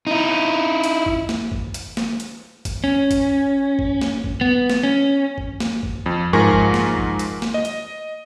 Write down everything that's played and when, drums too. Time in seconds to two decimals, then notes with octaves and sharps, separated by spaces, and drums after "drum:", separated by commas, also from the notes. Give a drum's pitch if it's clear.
0.07 D#4 E4
0.84 drum: hi-hat
1.06 drum: kick
1.29 drum: snare
1.52 drum: kick
1.74 drum: hi-hat
1.97 drum: snare
2.20 drum: hi-hat
2.65 drum: kick, hi-hat
2.84 C#4
3.11 drum: kick, hi-hat
3.79 drum: kick
4.01 drum: snare
4.24 drum: kick
4.41 B3
4.70 drum: snare
4.83 C#4
5.38 drum: kick
5.60 drum: snare
5.83 drum: kick
6.06 F2
6.33 G#2 F3 A#4 G#5 C#6 A#6
6.51 drum: kick
6.74 drum: snare
6.97 drum: kick
7.19 drum: hi-hat
7.42 drum: snare
7.54 D#5
7.65 drum: hi-hat